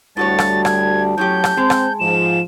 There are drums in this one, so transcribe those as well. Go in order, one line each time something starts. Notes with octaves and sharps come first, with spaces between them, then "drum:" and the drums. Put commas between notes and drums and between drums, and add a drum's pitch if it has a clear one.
D2 A2 G3 F#4 C#5 A5 A6
drum: rim click
G#6, drum: rim click
A2 F#3 C#4 G4 G6
drum: rim click
G#3 C4
drum: rim click
G#2 F3 E7